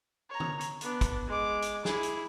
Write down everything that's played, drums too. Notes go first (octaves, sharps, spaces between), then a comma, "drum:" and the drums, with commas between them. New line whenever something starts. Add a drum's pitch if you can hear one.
C#5 A#5
drum: tom D3
drum: hi-hat
B3 D4, drum: hi-hat
drum: kick, hi-hat
G#3 D6
drum: hi-hat
E4 G#4, drum: snare
drum: hi-hat